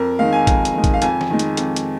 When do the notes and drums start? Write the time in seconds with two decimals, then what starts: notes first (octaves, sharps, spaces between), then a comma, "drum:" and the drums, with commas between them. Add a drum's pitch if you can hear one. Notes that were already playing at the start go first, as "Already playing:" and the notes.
Already playing: F2 A#4
0.19 D#3 G#3 F5
0.33 G#5
0.47 F2, drum: kick, hi-hat
0.65 drum: hi-hat
0.74 D#3 G#3
0.84 drum: kick, hi-hat
0.94 F5
1.02 F2 G#5, drum: hi-hat
1.21 drum: snare F3
1.30 D#3 G#3
1.39 drum: hi-hat
1.57 F2, drum: hi-hat
1.76 drum: hi-hat